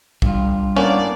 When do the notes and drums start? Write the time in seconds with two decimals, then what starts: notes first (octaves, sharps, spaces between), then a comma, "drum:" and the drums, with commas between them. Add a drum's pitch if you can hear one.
0.22 G2 F4, drum: kick B1
0.77 A2 A#3 B3 C#4 D4 C5 D5